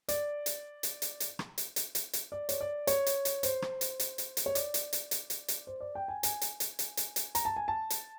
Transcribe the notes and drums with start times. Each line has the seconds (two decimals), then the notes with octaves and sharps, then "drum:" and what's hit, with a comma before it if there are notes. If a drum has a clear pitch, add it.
0.09 D5, drum: hi-hat
0.46 drum: hi-hat
0.83 drum: hi-hat
1.02 drum: hi-hat
1.20 drum: hi-hat
1.39 drum: rim click
1.58 drum: hi-hat
1.76 drum: hi-hat
1.95 drum: hi-hat
2.13 drum: hi-hat
2.32 D5
2.49 C#5, drum: hi-hat
2.61 D5
2.87 C#5, drum: hi-hat
3.06 drum: hi-hat
3.25 drum: hi-hat
3.43 C5, drum: hi-hat
3.62 drum: rim click
3.81 drum: hi-hat
4.00 drum: hi-hat
4.18 drum: hi-hat
4.37 drum: hi-hat
4.46 C#5
4.55 D5, drum: hi-hat
4.74 drum: hi-hat
4.93 drum: hi-hat
5.11 drum: hi-hat
5.30 drum: hi-hat
5.48 drum: hi-hat
5.67 C5
5.80 D5
5.95 G5
6.08 G#5
6.23 G#5, drum: hi-hat
6.41 drum: hi-hat
6.60 drum: hi-hat
6.79 drum: hi-hat
6.97 drum: hi-hat
7.16 drum: hi-hat
7.35 A#5, drum: hi-hat
7.45 A5
7.56 G#5
7.68 A5
7.90 drum: hi-hat